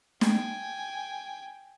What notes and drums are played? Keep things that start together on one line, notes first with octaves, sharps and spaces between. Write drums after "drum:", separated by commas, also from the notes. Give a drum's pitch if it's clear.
G5 G#5, drum: snare